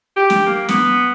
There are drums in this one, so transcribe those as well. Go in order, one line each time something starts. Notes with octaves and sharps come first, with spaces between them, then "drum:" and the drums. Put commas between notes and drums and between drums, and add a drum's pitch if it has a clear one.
G4
drum: snare
A#3
B3, drum: snare